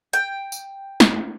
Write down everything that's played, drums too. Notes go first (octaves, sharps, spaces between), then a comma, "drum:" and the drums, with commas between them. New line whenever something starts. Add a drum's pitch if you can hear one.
G5, drum: hi-hat
drum: tambourine
drum: snare